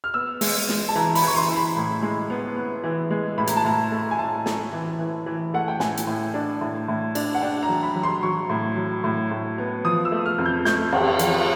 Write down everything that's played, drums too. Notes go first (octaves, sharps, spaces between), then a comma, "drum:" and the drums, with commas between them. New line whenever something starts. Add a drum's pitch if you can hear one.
F6
B3 E6
G#3, drum: open hi-hat
G#3, drum: snare
A5
E3 A#5
B5, drum: open hi-hat
E3 C#6
C6
E3
B5
A2
G#3
B3
B3
E3
G#3
A2 B5
A#5, drum: hi-hat
A5
A2 A#5
A3
G#5
A2 A5
A3, drum: snare
E3
E3
E3
A3 F#5
G5
A2 G#5, drum: snare
drum: hi-hat
A2
D4
A2
A2
D4, drum: cymbal
F#5
D4 G5
A#5
F#3
B5
F#3
C6
F#3 C#6
A2
F#3
A2
A2
B3
F3 D#6
E6
A3
F6
F2
G6
A3 G6, drum: snare
F2, drum: cymbal
F3, drum: hi-hat